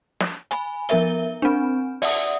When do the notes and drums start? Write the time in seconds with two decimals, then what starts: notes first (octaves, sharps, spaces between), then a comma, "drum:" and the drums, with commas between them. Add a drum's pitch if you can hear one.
0.20 drum: snare
0.51 G#5 B5, drum: hi-hat
0.89 F3 B3 A#4 E5 G7, drum: hi-hat
1.42 C4 D4
2.02 D5 E5 F#5 D#6, drum: open hi-hat